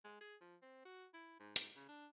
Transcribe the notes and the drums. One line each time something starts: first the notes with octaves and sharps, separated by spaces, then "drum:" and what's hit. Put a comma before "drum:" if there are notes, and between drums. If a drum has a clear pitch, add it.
G#3
G#4
F3
C4
F#4
E4
G#2
G#2, drum: hi-hat
C#3
D4